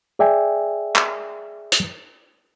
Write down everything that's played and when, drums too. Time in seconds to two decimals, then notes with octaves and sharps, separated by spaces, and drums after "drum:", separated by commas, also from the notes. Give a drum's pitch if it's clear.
0.19 G#4 D5 E5 G5 G#5
0.96 drum: clap
1.72 drum: hi-hat